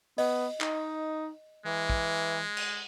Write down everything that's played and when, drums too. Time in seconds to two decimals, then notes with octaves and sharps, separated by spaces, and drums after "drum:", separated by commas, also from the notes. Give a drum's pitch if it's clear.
0.18 B3 D#5, drum: open hi-hat
0.60 D#4, drum: clap
1.65 E3 G#3
1.90 drum: kick
2.57 drum: cymbal